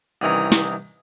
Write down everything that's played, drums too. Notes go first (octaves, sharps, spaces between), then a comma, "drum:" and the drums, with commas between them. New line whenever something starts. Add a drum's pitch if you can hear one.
C2 D#3 E3 C#4 A#4 A#5
drum: snare